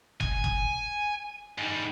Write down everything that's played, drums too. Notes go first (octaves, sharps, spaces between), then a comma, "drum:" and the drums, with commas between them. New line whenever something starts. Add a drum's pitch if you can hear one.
G#5, drum: kick F#1
drum: kick F#1
G#2 G3